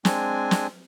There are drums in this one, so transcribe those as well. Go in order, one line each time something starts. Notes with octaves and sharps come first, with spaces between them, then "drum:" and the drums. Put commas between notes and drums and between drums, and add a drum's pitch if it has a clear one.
G#3 C4 D4 G#5, drum: snare
drum: snare